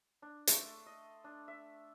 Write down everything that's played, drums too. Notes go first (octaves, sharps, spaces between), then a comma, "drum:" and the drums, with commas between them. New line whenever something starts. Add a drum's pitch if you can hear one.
D4
A3 A4 C6, drum: hi-hat
D#5
D4
E5